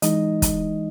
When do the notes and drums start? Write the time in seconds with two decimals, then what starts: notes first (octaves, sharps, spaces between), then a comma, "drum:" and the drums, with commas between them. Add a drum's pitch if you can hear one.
0.02 E3 G#3 D#4 D#5, drum: hi-hat
0.42 drum: kick, hi-hat